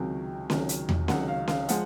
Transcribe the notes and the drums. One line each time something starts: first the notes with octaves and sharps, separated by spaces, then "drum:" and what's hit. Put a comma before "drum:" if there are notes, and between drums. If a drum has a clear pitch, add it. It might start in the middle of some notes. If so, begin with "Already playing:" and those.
Already playing: C#2 C3 D#3 F#3 G5
C#2 C3 D#3 F#3, drum: snare C#4
drum: hi-hat
drum: tom E2
C#2 C3 D#3 F#3 F#5, drum: snare C#4
F5
F5, drum: snare C#4
F3 G#3 F#5, drum: hi-hat